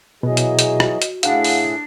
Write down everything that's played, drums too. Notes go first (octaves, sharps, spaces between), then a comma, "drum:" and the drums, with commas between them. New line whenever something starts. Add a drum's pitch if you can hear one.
B2 E3 F#3 F#4 G#4 D#5
drum: hi-hat
drum: hi-hat
drum: rim click
drum: hi-hat
A2 D4 E4 G#4 F5 F#5, drum: hi-hat
drum: open hi-hat